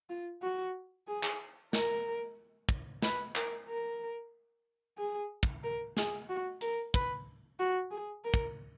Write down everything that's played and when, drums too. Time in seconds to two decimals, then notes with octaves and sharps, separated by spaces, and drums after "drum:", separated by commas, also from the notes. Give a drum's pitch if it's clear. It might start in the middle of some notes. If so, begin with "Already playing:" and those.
0.09 F4
0.42 F#4
1.08 G#4
1.23 drum: clap
1.73 A#4, drum: snare
2.69 drum: kick
3.02 B4, drum: snare
3.35 A#4, drum: clap
3.68 A#4
4.98 G#4
5.43 drum: kick
5.63 A#4
5.97 G#4, drum: snare
6.29 F#4
6.61 A#4, drum: hi-hat
6.94 B4, drum: kick
7.59 F#4
7.91 G#4
8.24 A#4
8.34 drum: kick